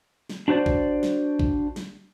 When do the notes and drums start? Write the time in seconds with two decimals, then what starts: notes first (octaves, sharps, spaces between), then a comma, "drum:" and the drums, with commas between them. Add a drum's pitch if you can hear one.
0.30 drum: snare
0.48 D4 F#4 C5 D5
0.66 drum: kick A1
1.03 drum: snare
1.40 drum: kick A1
1.76 drum: snare